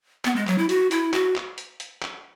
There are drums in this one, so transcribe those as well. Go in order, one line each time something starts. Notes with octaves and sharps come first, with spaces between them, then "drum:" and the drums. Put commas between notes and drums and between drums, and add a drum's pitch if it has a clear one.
B3, drum: clap
G#3
F#3, drum: clap
E4
F#4, drum: hi-hat
E4, drum: hi-hat
F#4, drum: clap
drum: clap
drum: hi-hat
drum: hi-hat
drum: clap